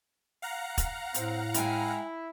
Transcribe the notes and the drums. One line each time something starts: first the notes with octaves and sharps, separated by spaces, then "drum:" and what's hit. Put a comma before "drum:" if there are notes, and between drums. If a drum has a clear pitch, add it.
F5 F#5 A#5
drum: kick, hi-hat
A2 C4, drum: hi-hat
G#3 E4 G5 G#5, drum: hi-hat